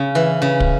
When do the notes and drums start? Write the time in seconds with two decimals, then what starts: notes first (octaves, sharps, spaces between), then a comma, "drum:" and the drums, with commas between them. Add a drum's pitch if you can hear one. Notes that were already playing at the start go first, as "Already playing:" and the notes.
Already playing: C#3
0.15 E3
0.42 C#3
0.60 drum: kick